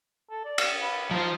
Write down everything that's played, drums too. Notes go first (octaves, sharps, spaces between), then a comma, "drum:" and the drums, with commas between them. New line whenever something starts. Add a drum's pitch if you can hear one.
A4
D5
drum: cymbal
B4
F3 D#4 C5